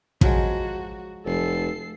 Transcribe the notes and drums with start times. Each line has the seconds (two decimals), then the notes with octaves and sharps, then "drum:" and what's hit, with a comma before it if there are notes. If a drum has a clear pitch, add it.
0.21 F3 F#3 G#3 F#4, drum: kick
1.26 F1 A4 C7